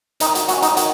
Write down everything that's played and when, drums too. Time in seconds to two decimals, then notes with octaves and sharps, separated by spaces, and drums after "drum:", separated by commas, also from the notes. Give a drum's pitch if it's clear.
0.20 D#3 D#4, drum: hi-hat
0.35 F#4, drum: hi-hat
0.48 F#3 C#4 F#4, drum: hi-hat
0.62 D#4, drum: hi-hat
0.77 D#3 F#4, drum: hi-hat